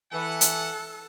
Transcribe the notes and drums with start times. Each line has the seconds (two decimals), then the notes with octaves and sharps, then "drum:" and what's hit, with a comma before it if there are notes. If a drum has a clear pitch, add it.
0.12 E3 A4 F#5
0.41 drum: hi-hat